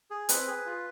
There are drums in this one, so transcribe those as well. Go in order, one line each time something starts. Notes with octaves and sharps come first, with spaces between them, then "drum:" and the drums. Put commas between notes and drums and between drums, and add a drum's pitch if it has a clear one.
G#4
C4 B4, drum: hi-hat
G#4
F4